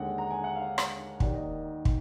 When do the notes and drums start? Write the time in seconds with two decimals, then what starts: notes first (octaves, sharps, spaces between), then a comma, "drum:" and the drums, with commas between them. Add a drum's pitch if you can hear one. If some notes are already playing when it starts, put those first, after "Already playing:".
Already playing: D#2 D3 G#3 F#5
0.18 A#5
0.31 G#5
0.44 F#5
0.56 F5
0.78 drum: rim click
1.20 D#2 D#3 A#3 D5, drum: kick
1.35 D#5
1.85 drum: kick